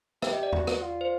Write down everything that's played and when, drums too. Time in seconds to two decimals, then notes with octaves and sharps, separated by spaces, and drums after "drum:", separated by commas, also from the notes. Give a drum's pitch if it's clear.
0.22 G4 E5, drum: rim click
0.33 D#5
0.43 D5
0.52 F#4, drum: tom E2
0.67 drum: rim click
0.82 F4
1.01 C5